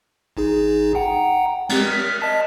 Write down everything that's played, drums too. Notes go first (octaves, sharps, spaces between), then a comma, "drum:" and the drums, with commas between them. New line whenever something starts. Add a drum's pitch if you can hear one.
A1 D#4 G#4
F#5 G5 A#5
G#3 C4 G4, drum: cymbal
F6 B6
D#5 A5 B6